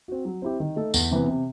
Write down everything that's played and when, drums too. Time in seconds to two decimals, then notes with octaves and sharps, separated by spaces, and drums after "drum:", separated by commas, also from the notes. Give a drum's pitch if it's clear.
0.08 C4 F#4
0.25 F#3
0.42 C4 E4 G4
0.60 D#3
0.76 A3 D#4 A4
0.94 E2, drum: tambourine
1.11 C3 E3 B3
1.28 C3